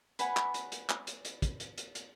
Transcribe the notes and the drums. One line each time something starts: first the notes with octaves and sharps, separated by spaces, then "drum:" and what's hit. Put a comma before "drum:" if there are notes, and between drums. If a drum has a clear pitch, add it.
B4 F#5 G#5 B5, drum: hi-hat
drum: clap
drum: hi-hat
drum: hi-hat
drum: clap
drum: hi-hat
drum: hi-hat
drum: kick, hi-hat
drum: hi-hat
drum: hi-hat
drum: hi-hat